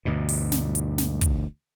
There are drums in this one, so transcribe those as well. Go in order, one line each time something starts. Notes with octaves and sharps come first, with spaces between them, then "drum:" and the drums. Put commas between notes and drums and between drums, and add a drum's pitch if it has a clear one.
D2 G2 B2
drum: open hi-hat
drum: snare
drum: hi-hat
drum: snare
drum: kick, hi-hat